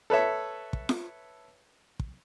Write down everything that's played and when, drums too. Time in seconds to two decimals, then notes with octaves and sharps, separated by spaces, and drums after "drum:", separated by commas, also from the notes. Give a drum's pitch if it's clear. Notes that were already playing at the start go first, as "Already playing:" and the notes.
0.10 A4 B4 C#5 E5
0.73 drum: kick
0.89 drum: snare F4
2.00 drum: kick